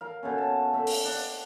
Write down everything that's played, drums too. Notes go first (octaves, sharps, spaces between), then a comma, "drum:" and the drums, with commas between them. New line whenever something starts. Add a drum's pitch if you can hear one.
A#4 F5
B2 A3 C#4
A5
A3 E5
drum: open hi-hat
D4